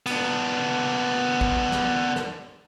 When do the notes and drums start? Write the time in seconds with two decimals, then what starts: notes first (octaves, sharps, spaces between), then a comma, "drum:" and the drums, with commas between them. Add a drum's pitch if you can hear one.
0.06 B3 D4, drum: cymbal
1.41 drum: kick
1.72 drum: snare
2.16 drum: snare